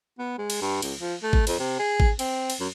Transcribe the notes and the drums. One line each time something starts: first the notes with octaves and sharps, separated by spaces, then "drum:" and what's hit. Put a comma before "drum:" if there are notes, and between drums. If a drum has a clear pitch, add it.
B3
G#3
drum: cymbal
G2
C#2, drum: cymbal
F3
A3
drum: kick G#1
F2, drum: cymbal
C3
G#4
drum: kick G#1
C4, drum: cymbal
drum: cymbal
F#2